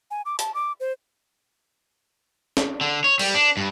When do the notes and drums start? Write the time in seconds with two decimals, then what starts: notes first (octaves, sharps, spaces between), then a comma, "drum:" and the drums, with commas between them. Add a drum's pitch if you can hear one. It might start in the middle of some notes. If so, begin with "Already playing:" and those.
0.11 G#5
0.26 D6
0.39 A5, drum: hi-hat
0.54 D6
0.80 C5
2.57 drum: snare
2.81 D3
3.04 C#5
3.19 G3, drum: cymbal
3.35 D4
3.57 G2